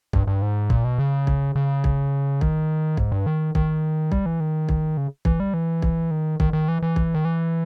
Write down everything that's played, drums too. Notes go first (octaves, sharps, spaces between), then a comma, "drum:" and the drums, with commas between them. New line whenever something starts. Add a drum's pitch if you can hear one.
G2, drum: kick
G2
G#2
A#2, drum: kick
B2
C#3
drum: kick
C#3
drum: kick
D#3, drum: kick
G#2, drum: kick
G2
D#3
D#3, drum: kick
G3, drum: kick
E3
D#3
drum: kick
C#3
E3, drum: kick
G3
E3
drum: kick
D#3
D#3, drum: kick
D#3
E3
E3
drum: kick
D#3
E3